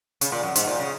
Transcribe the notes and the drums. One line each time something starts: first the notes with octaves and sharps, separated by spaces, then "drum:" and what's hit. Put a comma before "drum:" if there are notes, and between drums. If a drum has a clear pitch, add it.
C#3, drum: hi-hat
A#2
F#2
G#2, drum: hi-hat
A#2
C#3